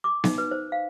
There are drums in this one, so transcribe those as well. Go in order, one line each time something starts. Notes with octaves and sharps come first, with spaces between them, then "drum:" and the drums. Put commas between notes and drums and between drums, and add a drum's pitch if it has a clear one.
D6
D#4, drum: snare B3
B4
C5
F5